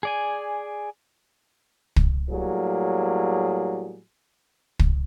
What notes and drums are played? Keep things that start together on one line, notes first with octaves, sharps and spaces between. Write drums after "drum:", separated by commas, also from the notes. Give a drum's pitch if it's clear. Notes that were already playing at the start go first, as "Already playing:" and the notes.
G#4 D5 G#5
drum: kick
A2 F#3 G3 A#3 G#4
drum: kick